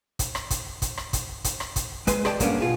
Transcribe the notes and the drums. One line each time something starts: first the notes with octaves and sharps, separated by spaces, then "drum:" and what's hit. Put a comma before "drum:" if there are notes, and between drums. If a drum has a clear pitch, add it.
drum: kick, hi-hat
drum: rim click
drum: kick, hi-hat
drum: kick, hi-hat
drum: rim click
drum: kick, hi-hat
drum: kick, hi-hat
drum: rim click
drum: kick, hi-hat
G#3 B4 G#5 C6, drum: kick, hi-hat
G4 G#4 D5 A5, drum: rim click
G2 G3 A#3 B3 C#4 D4, drum: kick, hi-hat
B2 F4 G#4